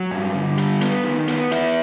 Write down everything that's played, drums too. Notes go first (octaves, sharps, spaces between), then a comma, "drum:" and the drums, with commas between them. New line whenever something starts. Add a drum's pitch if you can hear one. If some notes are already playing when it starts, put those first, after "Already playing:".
Already playing: F#3
G2
D3
G3, drum: hi-hat
B3, drum: hi-hat
D#3
B3, drum: hi-hat
E4, drum: hi-hat